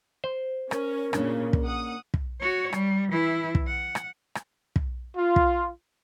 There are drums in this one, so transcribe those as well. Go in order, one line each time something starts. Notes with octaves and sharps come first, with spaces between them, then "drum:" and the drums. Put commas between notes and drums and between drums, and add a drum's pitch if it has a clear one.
C5
C#4 A#4, drum: rim click
A#2 C#3 A#3 C#4 D4, drum: rim click
drum: kick
F#5 D#6
drum: kick
F#4 C#5
G3, drum: rim click
E3 E4
drum: kick
F#5
drum: rim click
drum: rim click
drum: kick
F4
drum: kick